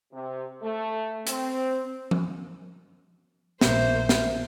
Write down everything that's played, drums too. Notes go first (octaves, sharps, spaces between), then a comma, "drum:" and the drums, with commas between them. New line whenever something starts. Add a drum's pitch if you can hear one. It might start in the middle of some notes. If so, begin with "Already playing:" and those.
C3
A3
C4, drum: hi-hat
drum: tom F3
A#1 A#3 C5 E5, drum: snare
drum: snare